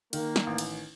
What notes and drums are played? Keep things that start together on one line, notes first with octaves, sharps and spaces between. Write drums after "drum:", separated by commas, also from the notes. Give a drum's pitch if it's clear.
D#3 A#3, drum: cymbal
drum: snare
A1
drum: cymbal